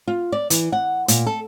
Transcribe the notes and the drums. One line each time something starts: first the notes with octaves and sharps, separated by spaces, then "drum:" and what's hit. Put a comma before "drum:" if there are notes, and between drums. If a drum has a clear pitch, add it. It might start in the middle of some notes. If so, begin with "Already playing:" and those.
F4
D5
E3, drum: hi-hat
F#5
A#2, drum: hi-hat
A4